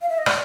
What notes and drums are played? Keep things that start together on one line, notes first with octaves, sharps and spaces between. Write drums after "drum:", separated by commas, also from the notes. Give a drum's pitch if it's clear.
F5
E5
D#5
D5, drum: rim click